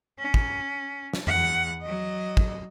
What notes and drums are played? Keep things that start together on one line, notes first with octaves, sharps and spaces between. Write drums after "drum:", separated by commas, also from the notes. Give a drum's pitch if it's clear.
C#4
drum: kick
drum: snare
E2 F#5, drum: tom F2
F#3 D#5
drum: kick